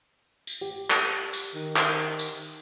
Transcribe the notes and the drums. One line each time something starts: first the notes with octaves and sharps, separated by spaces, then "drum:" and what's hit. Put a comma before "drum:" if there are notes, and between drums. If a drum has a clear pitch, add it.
drum: tambourine
G4
drum: clap
drum: tambourine
D#3
drum: clap
drum: tambourine